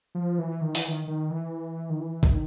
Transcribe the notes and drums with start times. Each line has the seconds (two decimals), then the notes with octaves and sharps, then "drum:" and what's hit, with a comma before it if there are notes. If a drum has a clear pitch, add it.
0.15 F3
0.39 E3
0.61 D#3
0.75 E3, drum: open hi-hat
0.87 D#3
1.08 D#3
1.31 E3
1.90 D#3
2.00 E3
2.23 D#3, drum: kick